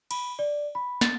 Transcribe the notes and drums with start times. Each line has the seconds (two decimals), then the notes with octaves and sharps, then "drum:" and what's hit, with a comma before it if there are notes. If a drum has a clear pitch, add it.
0.11 B5, drum: cymbal
0.39 D5
0.75 B5
1.01 A6, drum: snare